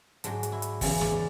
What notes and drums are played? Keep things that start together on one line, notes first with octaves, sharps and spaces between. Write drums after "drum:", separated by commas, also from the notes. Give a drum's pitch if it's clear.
G#2 F#3 D4, drum: hi-hat
drum: hi-hat
E4
drum: hi-hat
E2 C#3 E3 D5, drum: kick, open hi-hat
D5, drum: snare